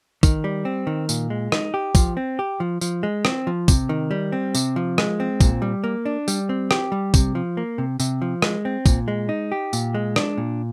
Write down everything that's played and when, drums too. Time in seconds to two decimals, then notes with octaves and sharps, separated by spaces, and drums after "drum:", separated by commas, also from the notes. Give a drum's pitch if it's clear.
0.23 D#3, drum: kick, tambourine
0.44 G3
0.65 C4
0.87 D#3
1.09 A#2, drum: tambourine
1.30 G#3
1.52 D#4, drum: rim click
1.74 G4
1.95 F3, drum: kick, tambourine
2.17 C4
2.39 G4
2.60 F3
2.81 F3, drum: tambourine
3.03 G#3
3.25 C4, drum: rim click
3.47 F3
3.68 C3, drum: kick, tambourine
3.89 D#3
4.11 G3
4.32 C4
4.55 C3, drum: tambourine
4.76 F3
4.98 G#3, drum: rim click
5.20 C4
5.41 A#2, drum: kick, tambourine
5.62 G3
5.84 A#3
6.05 D4
6.28 G3, drum: tambourine
6.49 C4
6.71 G4, drum: rim click
6.92 G3
7.14 C3, drum: kick, tambourine
7.35 F3
7.57 A#3
7.78 C3
8.00 C3, drum: tambourine
8.22 F3
8.42 G#3, drum: rim click
8.65 C4
8.86 A#2, drum: kick, tambourine
9.08 G#3
9.29 D#4
9.52 G4
9.73 A#2, drum: tambourine
9.94 G#3
10.16 D4, drum: rim click
10.37 A#2